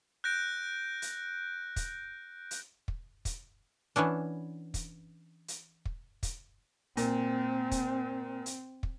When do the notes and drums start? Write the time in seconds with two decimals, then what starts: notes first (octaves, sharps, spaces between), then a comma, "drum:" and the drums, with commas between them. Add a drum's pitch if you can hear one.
0.24 F#6 G6 A#6 D7
1.02 drum: hi-hat
1.76 drum: kick, hi-hat
2.51 drum: hi-hat
2.88 drum: kick
3.25 drum: kick, hi-hat
3.96 E3 B3 C#4 D4
4.74 drum: kick, hi-hat
5.48 drum: hi-hat
5.85 drum: kick
6.23 drum: kick, hi-hat
6.97 A#2 C4, drum: hi-hat
7.71 drum: kick, hi-hat
8.46 drum: hi-hat
8.83 drum: kick